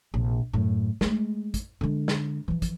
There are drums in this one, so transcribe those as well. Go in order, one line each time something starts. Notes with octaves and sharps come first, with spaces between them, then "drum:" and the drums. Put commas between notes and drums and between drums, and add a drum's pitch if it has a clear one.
A#1 C3
F#2 A2
G#3 A3, drum: snare
drum: kick, hi-hat
D3 G#3
drum: snare
E3 F3
drum: kick, hi-hat